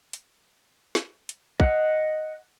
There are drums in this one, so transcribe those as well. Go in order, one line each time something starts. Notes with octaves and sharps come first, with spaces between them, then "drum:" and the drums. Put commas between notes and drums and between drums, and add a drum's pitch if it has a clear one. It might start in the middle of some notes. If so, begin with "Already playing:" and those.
drum: hi-hat
drum: snare
drum: hi-hat
D#5 F#5, drum: kick